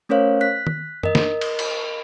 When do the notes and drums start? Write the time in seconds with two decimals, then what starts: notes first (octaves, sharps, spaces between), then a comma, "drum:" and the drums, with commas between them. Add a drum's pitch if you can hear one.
0.09 A3 C#4 A#4 C5 C#5 F5
0.41 F#6 B6
0.67 drum: tom D#3
1.03 A#4 D#5, drum: tom F#2
1.15 drum: snare
1.41 drum: cymbal
1.59 drum: cymbal